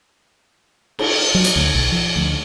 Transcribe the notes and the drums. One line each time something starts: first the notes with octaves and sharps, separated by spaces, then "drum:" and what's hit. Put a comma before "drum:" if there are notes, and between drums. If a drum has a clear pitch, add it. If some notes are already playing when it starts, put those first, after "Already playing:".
drum: cymbal
F#3
drum: hi-hat
D2
B1
F3
D2